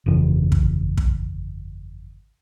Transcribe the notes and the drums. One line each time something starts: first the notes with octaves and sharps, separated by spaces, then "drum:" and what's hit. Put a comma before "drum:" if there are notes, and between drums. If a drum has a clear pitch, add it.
G1 F2 C#3 E3
drum: kick
drum: kick